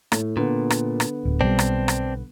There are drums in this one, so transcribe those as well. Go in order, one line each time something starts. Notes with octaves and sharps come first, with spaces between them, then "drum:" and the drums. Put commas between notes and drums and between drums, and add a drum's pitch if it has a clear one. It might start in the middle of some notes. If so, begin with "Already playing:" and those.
A2, drum: rim click
A#2 D3 B3
drum: rim click
drum: rim click
D1
B1 G3 C4 D4
drum: rim click
drum: rim click